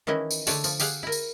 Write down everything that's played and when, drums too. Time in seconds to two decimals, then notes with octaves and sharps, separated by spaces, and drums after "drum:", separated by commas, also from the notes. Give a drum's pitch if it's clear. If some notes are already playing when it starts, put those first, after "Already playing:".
0.07 D#3 E3 C#4 E4 D#5
0.31 drum: tambourine
0.47 D3 A3 C#5 D5 A5, drum: tambourine
0.64 F3, drum: tambourine
0.80 G4 G#4 F5 F#5, drum: tambourine
1.03 E4 A#4
1.12 drum: tambourine